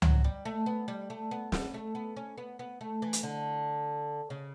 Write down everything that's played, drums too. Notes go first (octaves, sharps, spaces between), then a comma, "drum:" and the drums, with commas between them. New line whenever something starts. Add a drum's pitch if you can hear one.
F#3, drum: tom C#2
G3
A3
B3
G3
A3
B3
B3, drum: snare
A3
B3
C#4
B3
B3
A3
E3
drum: hi-hat
D3
C#3